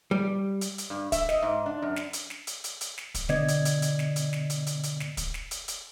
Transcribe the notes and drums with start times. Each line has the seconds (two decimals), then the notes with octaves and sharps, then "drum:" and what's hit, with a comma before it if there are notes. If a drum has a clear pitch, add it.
0.11 G3
0.61 drum: hi-hat
0.78 drum: hi-hat
0.90 G2
1.12 E5, drum: kick, hi-hat
1.29 D#5, drum: snare
1.42 G#2
1.66 D4
1.82 F#2
1.96 drum: snare
2.13 drum: hi-hat
2.30 drum: snare
2.47 drum: hi-hat
2.64 drum: hi-hat
2.81 drum: hi-hat
2.98 drum: snare
3.14 drum: kick, hi-hat
3.29 B2 D3 B3 D5 D#5 G#6, drum: snare
3.48 drum: hi-hat
3.65 drum: hi-hat
3.82 drum: hi-hat
3.99 drum: snare
4.16 drum: hi-hat
4.33 drum: snare
4.50 drum: hi-hat
4.66 drum: hi-hat
4.83 drum: hi-hat
5.00 drum: snare
5.17 drum: kick, hi-hat
5.34 drum: snare
5.51 drum: hi-hat
5.68 drum: hi-hat